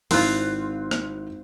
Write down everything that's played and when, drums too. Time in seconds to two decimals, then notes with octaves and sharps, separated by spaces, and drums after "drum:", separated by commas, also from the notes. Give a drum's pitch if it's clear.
0.11 G#1 C4 E4 F4 F#6, drum: open hi-hat
0.91 drum: rim click